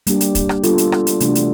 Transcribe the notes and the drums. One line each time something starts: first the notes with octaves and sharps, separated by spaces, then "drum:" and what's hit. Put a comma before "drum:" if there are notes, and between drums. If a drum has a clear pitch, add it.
G3 A#3 D4 G4, drum: hi-hat
drum: hi-hat
drum: kick, hi-hat
drum: rim click
G3 B3 D4 F4 A4, drum: hi-hat
drum: hi-hat
drum: rim click
drum: hi-hat
C3 E3 A3 D4 F#4, drum: hi-hat
drum: hi-hat